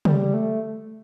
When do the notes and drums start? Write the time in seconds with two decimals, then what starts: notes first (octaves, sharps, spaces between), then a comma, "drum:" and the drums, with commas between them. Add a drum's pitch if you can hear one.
0.05 G3, drum: tom C#3
0.34 A3